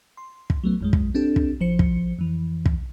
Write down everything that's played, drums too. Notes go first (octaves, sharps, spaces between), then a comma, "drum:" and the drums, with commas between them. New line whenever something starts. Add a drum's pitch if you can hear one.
C6
drum: kick
F#3 A3 B3
A#1 F#2 G#3
drum: kick
C4 D4 G4 A4
drum: kick
A1 F3 C5 C#7
drum: kick
F2 E3
drum: kick